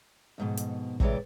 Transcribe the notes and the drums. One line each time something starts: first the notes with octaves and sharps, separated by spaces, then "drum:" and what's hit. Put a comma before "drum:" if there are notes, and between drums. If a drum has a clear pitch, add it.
F2 G#2 B2
drum: hi-hat
A2 C3 E3 G#3 C#5 D5, drum: kick